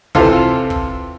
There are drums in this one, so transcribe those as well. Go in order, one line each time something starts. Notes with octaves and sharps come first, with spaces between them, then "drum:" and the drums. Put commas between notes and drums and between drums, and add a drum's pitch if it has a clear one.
C3 E3 F4 A4, drum: kick
drum: kick